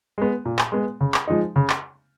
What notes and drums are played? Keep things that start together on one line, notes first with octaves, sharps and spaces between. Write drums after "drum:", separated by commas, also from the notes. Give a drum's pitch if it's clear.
G#3 B3
A#2
drum: clap
G#3 B3
C#3
drum: clap
F3 G#3 D#4
C#3
drum: clap